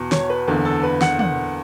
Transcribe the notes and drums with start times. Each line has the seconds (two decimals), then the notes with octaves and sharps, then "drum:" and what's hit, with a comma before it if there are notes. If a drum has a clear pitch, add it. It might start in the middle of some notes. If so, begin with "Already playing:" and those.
Already playing: E2 B2
0.12 C#5, drum: snare
0.30 B4
0.48 F#1 E2 D3
0.65 A4
0.83 B4
1.01 F#5, drum: snare
1.19 F#5, drum: tom